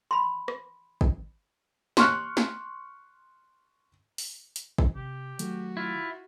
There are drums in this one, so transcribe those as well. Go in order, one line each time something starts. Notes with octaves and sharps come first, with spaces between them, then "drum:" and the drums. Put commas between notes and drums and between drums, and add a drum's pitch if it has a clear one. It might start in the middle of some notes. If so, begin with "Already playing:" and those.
B5 C6
drum: rim click
drum: kick
C6 C#6 F6 F#6, drum: snare
drum: snare
drum: open hi-hat
drum: hi-hat
drum: kick
C3 G4
D#3 F#3 A3 F#4, drum: hi-hat
E4 F4